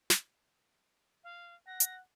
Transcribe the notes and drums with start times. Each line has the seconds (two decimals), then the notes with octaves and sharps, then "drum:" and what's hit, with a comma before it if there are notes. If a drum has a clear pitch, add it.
0.10 drum: snare
1.24 F5
1.67 F#5 A#6
1.80 drum: hi-hat